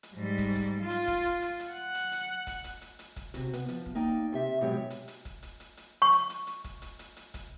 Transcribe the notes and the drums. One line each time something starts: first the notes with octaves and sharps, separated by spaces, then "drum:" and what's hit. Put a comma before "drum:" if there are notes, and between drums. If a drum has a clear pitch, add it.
drum: hi-hat
G#2 G3
drum: kick, hi-hat
drum: hi-hat
F4
drum: hi-hat
drum: kick, hi-hat
drum: hi-hat
drum: hi-hat
drum: hi-hat
F#5
drum: hi-hat
drum: hi-hat
drum: kick, hi-hat
drum: hi-hat
drum: hi-hat
drum: hi-hat
drum: kick, hi-hat
C3 F#4, drum: hi-hat
B3, drum: hi-hat
F3, drum: hi-hat
drum: kick
A#3 D#4 D5 G5
C3 G4 E5
G#2 B2 F#3 G#3 G4 C#5
drum: hi-hat
drum: hi-hat
drum: kick, hi-hat
drum: hi-hat
drum: hi-hat
drum: hi-hat
C#6
drum: hi-hat
drum: hi-hat
drum: hi-hat
drum: kick, hi-hat
drum: hi-hat
drum: hi-hat
drum: hi-hat
drum: kick, hi-hat